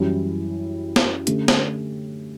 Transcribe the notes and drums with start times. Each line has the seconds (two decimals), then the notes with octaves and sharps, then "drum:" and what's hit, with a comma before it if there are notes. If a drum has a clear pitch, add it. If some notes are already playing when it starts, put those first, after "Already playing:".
Already playing: F#2 E3 G3 C#4 E4
0.96 drum: snare
1.27 D3 A3 C#4 G4, drum: hi-hat
1.48 drum: snare